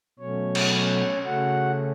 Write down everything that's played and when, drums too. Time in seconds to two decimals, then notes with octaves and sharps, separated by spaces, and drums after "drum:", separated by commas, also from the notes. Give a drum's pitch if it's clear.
0.19 B2 F#3 A3 C#4 C#5
0.55 drum: cymbal
0.71 C#4 C#5
1.23 C#3 A3 C#4 F#4 F#5